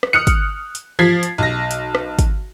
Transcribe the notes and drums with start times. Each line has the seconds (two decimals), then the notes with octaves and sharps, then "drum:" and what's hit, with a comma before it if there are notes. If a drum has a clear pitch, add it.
0.03 drum: rim click
0.13 D#6 F6 F#6 C#7
0.27 drum: kick, hi-hat
0.75 drum: hi-hat
0.99 F3 G#6 B6 C7
1.23 drum: hi-hat
1.38 B1 A#6
1.71 drum: hi-hat
1.95 drum: rim click
2.19 drum: kick, hi-hat